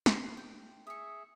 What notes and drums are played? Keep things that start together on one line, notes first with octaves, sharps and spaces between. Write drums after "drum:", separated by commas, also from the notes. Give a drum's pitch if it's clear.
A#3 C6, drum: snare
G5
G#4 E5 C#6 D#6